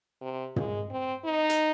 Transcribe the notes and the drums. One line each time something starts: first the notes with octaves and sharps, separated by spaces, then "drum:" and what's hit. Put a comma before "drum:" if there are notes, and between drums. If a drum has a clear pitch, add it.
C3
G#3, drum: tom
C4
D#4
drum: hi-hat